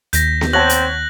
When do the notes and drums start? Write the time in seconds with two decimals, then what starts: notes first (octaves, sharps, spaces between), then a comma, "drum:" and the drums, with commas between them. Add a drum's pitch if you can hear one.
0.13 D#2 G6 A#6 B6, drum: hi-hat
0.41 drum: snare B3
0.53 C4 C#5 F#5 A5 F#6 A#6 F#7
0.69 drum: hi-hat